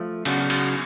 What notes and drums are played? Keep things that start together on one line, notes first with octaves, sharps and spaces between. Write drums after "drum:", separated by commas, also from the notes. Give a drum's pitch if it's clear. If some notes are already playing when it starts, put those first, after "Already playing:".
Already playing: F3 A3
C#3 F#3 B3 D4 F#4, drum: cymbal
drum: cymbal